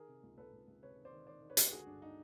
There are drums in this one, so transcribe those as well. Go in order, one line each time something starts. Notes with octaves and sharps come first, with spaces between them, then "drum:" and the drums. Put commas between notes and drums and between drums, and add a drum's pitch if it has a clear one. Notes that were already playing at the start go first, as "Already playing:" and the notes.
Already playing: D#3 G#4 A#4
C3
C#2
C#2 A4 B4
C#2
C#2
C3 B4 C#5
D#3
C5 D5
D#3
D#3 C5 D5
D#3
B4 C#5
C#2, drum: hi-hat
G4
D3 F#4 G#4
G1 D4
D#4